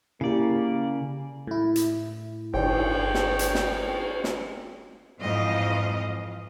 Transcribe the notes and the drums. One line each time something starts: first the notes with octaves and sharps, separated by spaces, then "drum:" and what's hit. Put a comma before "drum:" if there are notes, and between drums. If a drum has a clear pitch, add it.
C#3 A#3 E4 G4 D5
A2 E4
drum: hi-hat
G1 G5, drum: cymbal
drum: snare
drum: hi-hat
drum: snare
drum: snare
F2 G#2 E3 D#5 F5